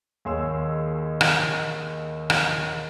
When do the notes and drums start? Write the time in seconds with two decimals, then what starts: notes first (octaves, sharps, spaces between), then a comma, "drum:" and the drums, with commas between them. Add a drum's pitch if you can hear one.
0.25 D#2 G#4 C#5 C6 E6 E7
1.21 drum: rim click
2.30 drum: rim click